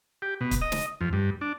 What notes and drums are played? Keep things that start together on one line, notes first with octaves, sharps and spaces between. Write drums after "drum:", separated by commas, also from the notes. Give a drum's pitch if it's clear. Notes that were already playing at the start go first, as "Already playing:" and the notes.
G4
B2
drum: kick, hi-hat
D#5
drum: snare
F2
G2
D4